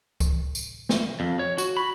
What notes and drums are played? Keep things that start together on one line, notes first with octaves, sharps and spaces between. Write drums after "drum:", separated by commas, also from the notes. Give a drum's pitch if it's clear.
drum: kick C#2, tambourine
drum: tambourine
drum: snare
F2
C#5
F#4, drum: tambourine
B5